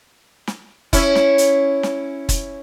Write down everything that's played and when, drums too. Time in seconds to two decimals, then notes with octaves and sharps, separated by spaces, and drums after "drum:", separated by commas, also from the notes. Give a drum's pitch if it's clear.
0.47 drum: snare
0.93 C#4 E4, drum: kick, hi-hat
1.15 drum: snare
1.38 drum: hi-hat
1.83 drum: snare
2.29 drum: kick, hi-hat